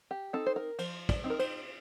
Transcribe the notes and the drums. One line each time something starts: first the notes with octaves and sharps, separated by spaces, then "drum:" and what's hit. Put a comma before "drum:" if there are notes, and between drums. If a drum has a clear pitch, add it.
G4
C4 D#4 A4
C5
A#4
F3 C5, drum: cymbal
D5, drum: kick, cymbal
C4 D#4
A#4
C5, drum: cymbal